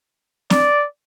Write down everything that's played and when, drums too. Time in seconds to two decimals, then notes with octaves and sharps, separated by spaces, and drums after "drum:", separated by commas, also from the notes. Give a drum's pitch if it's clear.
0.50 D5, drum: snare